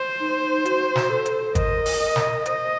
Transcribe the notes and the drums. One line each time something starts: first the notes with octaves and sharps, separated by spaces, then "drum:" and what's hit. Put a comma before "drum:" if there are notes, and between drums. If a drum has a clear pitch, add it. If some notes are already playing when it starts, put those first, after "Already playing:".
Already playing: C5
D#4
F#4, drum: hi-hat
drum: snare
A4
drum: hi-hat
A#4 D#5, drum: kick G#1, hi-hat
drum: open hi-hat
drum: snare
C5 D#5, drum: hi-hat